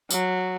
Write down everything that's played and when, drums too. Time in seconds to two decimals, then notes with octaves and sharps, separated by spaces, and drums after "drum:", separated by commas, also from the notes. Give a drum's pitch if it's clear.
0.11 F#3, drum: tambourine